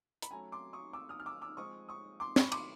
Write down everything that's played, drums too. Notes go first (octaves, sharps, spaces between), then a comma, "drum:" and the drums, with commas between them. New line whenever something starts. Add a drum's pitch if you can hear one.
B5, drum: hi-hat
F#3 A3 C#4 G#5 A#5
C6 D6
C#6 D#6
D6 E6
D#6 F6
F6
D6 E6
D6 E6
F3 G#3 C4 C#6 D#6
C#6 D#6
C6 D6
B5 C#6, drum: snare
C6 D6, drum: cymbal